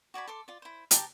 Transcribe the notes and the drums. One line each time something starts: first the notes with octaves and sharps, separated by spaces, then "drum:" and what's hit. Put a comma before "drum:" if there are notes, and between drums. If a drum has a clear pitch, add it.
F#4 D5 G#5 B5
A4 C6 D6
F4 D5
E4 C5
G4 A5 A#5, drum: hi-hat